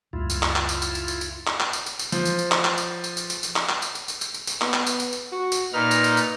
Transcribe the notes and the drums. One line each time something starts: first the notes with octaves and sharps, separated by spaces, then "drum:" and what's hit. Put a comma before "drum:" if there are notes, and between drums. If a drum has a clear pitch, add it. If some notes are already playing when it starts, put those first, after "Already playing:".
C#2 F#2 G3 E4 F4
drum: tambourine
drum: clap
drum: clap
drum: tambourine
drum: tambourine
drum: tambourine
drum: tambourine
drum: tambourine
drum: clap
drum: clap
drum: tambourine
drum: tambourine
drum: tambourine
F3, drum: tambourine
drum: tambourine
drum: tambourine
drum: clap
drum: clap
drum: tambourine
drum: tambourine
drum: tambourine
drum: tambourine
drum: tambourine
drum: clap
drum: clap
drum: tambourine
drum: tambourine
drum: tambourine
drum: tambourine
drum: tambourine
drum: tambourine
B3, drum: clap
drum: clap
drum: tambourine
drum: tambourine
drum: tambourine
F#4
drum: tambourine
A#2 D#4 B4 F6
drum: tambourine
drum: tambourine
drum: tambourine